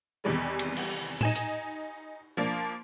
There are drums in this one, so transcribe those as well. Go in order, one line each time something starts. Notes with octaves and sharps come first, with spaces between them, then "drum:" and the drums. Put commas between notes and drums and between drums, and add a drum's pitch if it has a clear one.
E2 C3 D#3 E3 G3 G#3
drum: cymbal
drum: cymbal
D#4 G#5 E7, drum: tom
drum: hi-hat
F3 A#3 D4